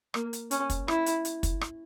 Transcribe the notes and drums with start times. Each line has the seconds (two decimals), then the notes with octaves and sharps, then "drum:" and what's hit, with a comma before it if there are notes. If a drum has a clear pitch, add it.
0.14 A#3, drum: rim click
0.33 drum: hi-hat
0.51 C#4, drum: hi-hat
0.70 drum: kick, hi-hat
0.88 E4, drum: rim click
1.06 drum: hi-hat
1.25 drum: hi-hat
1.43 drum: kick, hi-hat
1.61 drum: rim click